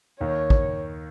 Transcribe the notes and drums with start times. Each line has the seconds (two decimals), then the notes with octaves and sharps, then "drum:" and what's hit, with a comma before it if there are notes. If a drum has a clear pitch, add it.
0.20 D#2 D#3 C#5
0.50 drum: kick